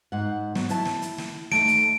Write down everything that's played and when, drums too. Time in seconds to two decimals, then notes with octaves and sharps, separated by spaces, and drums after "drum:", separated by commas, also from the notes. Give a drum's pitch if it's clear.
0.12 G#2 F#5
0.55 F#3 B3, drum: snare
0.69 E4 A5, drum: hi-hat
0.85 drum: snare
1.02 drum: hi-hat
1.18 drum: snare
1.52 D#2 A3 A5 D7, drum: snare
1.68 drum: hi-hat